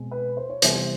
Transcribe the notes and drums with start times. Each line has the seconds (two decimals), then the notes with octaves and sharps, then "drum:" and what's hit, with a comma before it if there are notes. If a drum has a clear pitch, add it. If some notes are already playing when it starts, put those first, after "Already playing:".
Already playing: B2 G#3 C4
0.11 B4
0.37 C5
0.49 C#5
0.62 C3 E3 G3 B3 C5, drum: hi-hat